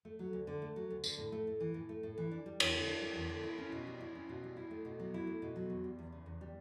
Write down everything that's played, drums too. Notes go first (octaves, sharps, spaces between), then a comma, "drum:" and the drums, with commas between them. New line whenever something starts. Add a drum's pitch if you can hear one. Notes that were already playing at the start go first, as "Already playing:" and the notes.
A3
F#3
D2
D3
A3
F#3
D2
D3, drum: tambourine
A2
A3
A2
E3
A2
A3
A2
E3
D4
G3
E2, drum: cymbal
D3
D4
G3
E2
D3
E4
C#4
B2
G3
E4
C#4
B2
G3
E4
A3
B2
F#3
E4
A3
B2
F#3
E2
G3
E2
C#3
E2
G3